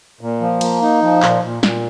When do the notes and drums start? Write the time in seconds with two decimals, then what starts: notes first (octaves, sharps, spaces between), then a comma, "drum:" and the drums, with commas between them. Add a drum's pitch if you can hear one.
0.21 A#2
0.41 F3
0.61 A#3, drum: cymbal
0.82 D#4
1.02 F3
1.22 A#2, drum: clap
1.42 A#2
1.63 A#2, drum: snare